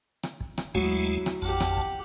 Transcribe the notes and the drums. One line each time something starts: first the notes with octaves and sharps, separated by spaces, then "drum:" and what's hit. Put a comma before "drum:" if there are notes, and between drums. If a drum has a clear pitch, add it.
drum: rim click
drum: kick
drum: rim click
D#2 F#3 G#3 A3 E4, drum: kick
drum: rim click
A1 F2 G4 F#5 A5
drum: rim click
drum: kick